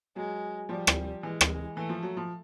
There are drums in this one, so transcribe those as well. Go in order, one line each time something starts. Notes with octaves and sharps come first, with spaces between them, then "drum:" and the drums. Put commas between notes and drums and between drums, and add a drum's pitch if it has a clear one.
F#3 G#3
F3 G3
drum: rim click
E3 G#3
drum: rim click
E3 A3
F3
F#3
F3